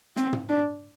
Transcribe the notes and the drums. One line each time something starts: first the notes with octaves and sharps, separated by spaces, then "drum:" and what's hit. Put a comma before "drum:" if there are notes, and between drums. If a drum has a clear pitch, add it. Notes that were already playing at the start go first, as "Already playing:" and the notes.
C4, drum: snare
drum: tom
D4